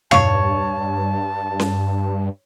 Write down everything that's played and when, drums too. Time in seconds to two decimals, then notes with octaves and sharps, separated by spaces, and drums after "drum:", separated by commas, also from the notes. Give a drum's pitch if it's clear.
0.11 G2 C#5 F5 A5 C#6, drum: tom
1.60 drum: snare C#4